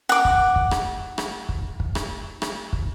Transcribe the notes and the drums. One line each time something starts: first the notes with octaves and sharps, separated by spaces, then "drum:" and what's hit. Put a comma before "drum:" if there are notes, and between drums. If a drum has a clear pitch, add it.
F#5 D6
drum: kick
drum: kick
drum: rim click
drum: rim click
drum: kick
drum: kick
drum: rim click
drum: rim click
drum: kick